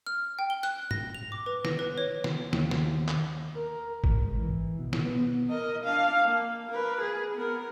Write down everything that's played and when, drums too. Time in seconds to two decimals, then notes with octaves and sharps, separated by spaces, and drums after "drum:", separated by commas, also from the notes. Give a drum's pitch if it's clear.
0.07 F6
0.39 G5
0.50 G7
0.63 F#6, drum: hi-hat
0.91 A#6, drum: tom G#2
1.15 F7
1.32 D6
1.46 B4
1.65 A#6, drum: snare
1.79 B4
1.98 C#5
2.24 drum: snare
2.53 D#2, drum: snare
2.71 drum: snare
3.08 drum: clap
3.54 A#4
4.04 G#2, drum: kick G#1
4.39 E3
4.79 B2
4.93 drum: snare
5.03 B3
5.49 A#4 D#5
5.83 D4 F5
6.25 A#3
6.71 A#4 B4
7.01 G#4
7.34 B3 A#4